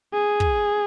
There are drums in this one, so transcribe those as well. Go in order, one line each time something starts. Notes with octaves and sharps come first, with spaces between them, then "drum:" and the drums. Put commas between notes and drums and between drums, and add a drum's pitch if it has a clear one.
G#4
drum: kick